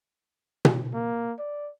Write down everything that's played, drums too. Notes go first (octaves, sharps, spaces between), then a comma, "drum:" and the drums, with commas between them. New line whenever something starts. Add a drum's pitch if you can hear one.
drum: tom B2
A#3
D5